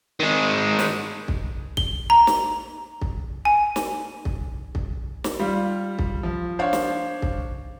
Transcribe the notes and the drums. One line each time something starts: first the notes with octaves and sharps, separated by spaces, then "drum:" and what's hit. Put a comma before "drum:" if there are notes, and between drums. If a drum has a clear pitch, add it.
D#3 G#3
drum: snare
drum: kick
G7, drum: kick
A#5
drum: snare
drum: kick
G#5
drum: snare
drum: kick
drum: kick
drum: snare
G3 F4
drum: kick
F3
D4 C5 C#5 F5
drum: snare
drum: kick